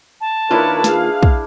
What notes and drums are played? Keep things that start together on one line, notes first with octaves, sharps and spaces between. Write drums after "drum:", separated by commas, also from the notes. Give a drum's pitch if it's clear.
A5
D#3 A#3 D4 E4 F4 A#4 B4 C#5
G#4 F5, drum: snare
drum: kick